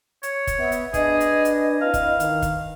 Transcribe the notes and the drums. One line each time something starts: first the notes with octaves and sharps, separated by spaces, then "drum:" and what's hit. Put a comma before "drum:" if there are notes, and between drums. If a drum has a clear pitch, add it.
C#5, drum: hi-hat
drum: kick, hi-hat
B3 E5
drum: hi-hat
D4 G#4 B4 D#5, drum: kick, hi-hat
drum: hi-hat
drum: hi-hat
C4 E4 B4 F5
drum: kick, hi-hat
D#3, drum: hi-hat
drum: kick, hi-hat